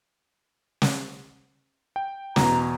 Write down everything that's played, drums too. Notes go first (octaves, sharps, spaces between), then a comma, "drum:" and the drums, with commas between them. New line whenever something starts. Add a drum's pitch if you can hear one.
drum: snare
G5
E2 B2 A#5, drum: snare